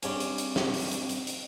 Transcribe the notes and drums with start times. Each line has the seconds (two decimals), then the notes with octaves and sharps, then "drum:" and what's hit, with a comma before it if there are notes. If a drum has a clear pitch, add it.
0.03 G2 C4 C#4, drum: hi-hat
0.20 drum: hi-hat
0.38 drum: hi-hat
0.56 drum: snare
0.74 drum: open hi-hat
0.92 drum: hi-hat
1.09 drum: hi-hat
1.27 drum: hi-hat